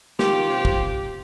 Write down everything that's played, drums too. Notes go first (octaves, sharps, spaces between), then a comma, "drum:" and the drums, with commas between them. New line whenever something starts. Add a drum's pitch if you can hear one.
D#3 F4 G4, drum: snare
C3
drum: kick